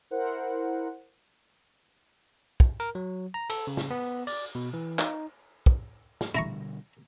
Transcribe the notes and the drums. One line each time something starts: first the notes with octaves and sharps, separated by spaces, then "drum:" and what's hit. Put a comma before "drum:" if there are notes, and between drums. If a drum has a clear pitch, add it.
E4 A#4 C5 F#5
drum: kick
A#4
F#3
A#5
A4, drum: cymbal
C#3
drum: snare
B3
D5, drum: cymbal
B2
E3
D#4, drum: clap
drum: kick
drum: snare
B2 D3 G3 E4 A#5 C#6